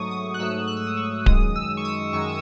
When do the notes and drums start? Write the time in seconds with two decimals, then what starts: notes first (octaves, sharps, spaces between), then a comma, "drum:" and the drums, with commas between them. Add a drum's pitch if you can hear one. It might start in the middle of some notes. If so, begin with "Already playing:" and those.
Already playing: G#2 F#3 A3 C#6 D#6
0.11 D#6
0.34 F#6
0.39 G#2 F#3 A3 E6
0.68 F#6
0.77 E6
0.87 D#6
0.97 C#6
1.26 F#2 D#3 G#3 D#6, drum: kick D1
1.56 E6
1.77 C#6
1.85 D#6
2.13 F#2 D#3 G#3 C#6